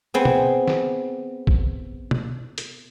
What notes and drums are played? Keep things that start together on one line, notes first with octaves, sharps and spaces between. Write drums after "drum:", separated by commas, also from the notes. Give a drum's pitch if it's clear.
B3 C4 G#4
drum: tom
drum: snare
drum: kick
drum: tom
drum: hi-hat